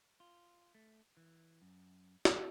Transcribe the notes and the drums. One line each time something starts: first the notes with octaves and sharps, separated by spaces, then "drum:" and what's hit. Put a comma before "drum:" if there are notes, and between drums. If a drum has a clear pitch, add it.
F4
A3
E3
F#2
drum: snare